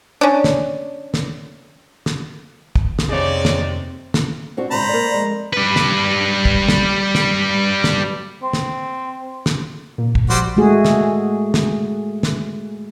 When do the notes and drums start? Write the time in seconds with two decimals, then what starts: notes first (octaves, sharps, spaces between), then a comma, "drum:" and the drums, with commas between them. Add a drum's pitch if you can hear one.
0.21 C#4 D4
0.44 drum: snare
1.14 drum: snare
2.06 drum: snare
2.76 drum: kick
2.99 drum: snare
3.09 F2 C3 C4 D#4 G#4 C#5 D5
3.45 drum: snare
4.14 drum: snare
4.57 C4 D4 F#4
4.71 G#2 C#3 C5 A#5 B5
4.89 A#3 D5
5.14 F2 G#3
5.53 G3 B4
5.76 drum: snare
6.45 drum: kick
6.68 drum: snare
7.15 drum: snare
7.84 drum: snare
8.43 C4
8.53 drum: snare
9.46 drum: snare
9.98 A#2
10.15 drum: kick
10.30 F3 G3 F#4 C5
10.57 G#3 A3 F#4 G#4
10.85 drum: snare
11.54 drum: snare
12.23 drum: snare